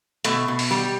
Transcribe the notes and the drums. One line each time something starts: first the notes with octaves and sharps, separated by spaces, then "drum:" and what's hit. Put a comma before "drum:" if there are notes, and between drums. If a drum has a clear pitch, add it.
B2 A3, drum: hi-hat
B2
drum: open hi-hat
G3